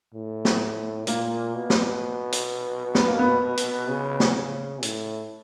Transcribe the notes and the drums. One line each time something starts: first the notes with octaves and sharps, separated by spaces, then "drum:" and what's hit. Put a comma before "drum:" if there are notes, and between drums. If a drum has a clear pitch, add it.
A2
drum: snare
A#2 A#3, drum: hi-hat
B2
drum: snare
drum: hi-hat
B3, drum: snare
A#3
B3
drum: hi-hat
C#3
drum: snare
C#3
A2, drum: hi-hat